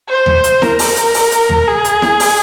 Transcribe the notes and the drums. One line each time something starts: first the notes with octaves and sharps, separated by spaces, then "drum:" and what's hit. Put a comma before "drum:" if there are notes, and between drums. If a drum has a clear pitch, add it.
C5
drum: tom D#2
drum: hi-hat
A#4, drum: snare E4
drum: open hi-hat
drum: hi-hat
drum: open hi-hat
drum: hi-hat
drum: tom D#2
G#4
drum: hi-hat
drum: snare E4
drum: open hi-hat